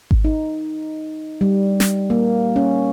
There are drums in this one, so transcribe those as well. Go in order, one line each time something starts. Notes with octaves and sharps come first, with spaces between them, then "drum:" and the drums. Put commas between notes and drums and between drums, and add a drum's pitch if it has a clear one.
drum: kick G#1
D#4
G3
drum: snare
A#3
C#4